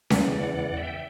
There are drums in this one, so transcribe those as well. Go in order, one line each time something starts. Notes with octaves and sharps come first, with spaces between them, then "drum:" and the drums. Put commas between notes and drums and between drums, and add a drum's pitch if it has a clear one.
E2 C#3 E3 D5 F#5, drum: snare C#4
D5 F#5
D5 F#5
E5 G5